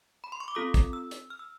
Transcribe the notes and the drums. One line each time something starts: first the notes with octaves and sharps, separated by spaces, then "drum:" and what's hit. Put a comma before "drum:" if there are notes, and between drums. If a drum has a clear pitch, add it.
B5
C6
C#6
D6
C4 F4 A4 D#6
drum: kick, hi-hat
E6
drum: hi-hat
F6
E6